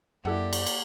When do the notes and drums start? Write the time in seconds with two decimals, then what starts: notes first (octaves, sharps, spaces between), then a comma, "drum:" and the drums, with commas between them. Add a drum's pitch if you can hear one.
0.25 F#2 A#3 E4 G4 A4 D5 F#5
0.53 drum: cymbal
0.66 drum: cymbal